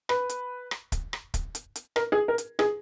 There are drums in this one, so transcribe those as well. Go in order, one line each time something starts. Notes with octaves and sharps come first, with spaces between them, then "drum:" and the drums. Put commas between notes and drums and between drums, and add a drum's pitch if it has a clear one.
B4, drum: rim click
drum: hi-hat
drum: rim click
drum: kick, hi-hat
drum: rim click
drum: kick, hi-hat
drum: hi-hat
drum: hi-hat
A#4, drum: rim click
G#4
A#4
drum: hi-hat
G#4, drum: rim click